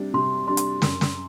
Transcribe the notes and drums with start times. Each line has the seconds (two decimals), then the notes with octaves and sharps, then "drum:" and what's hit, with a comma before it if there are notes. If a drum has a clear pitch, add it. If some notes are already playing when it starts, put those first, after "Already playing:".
Already playing: C3 G3 D4
0.14 C3 C6
0.47 G3 D4 C6
0.57 drum: hi-hat
0.82 F#2, drum: snare
1.01 drum: snare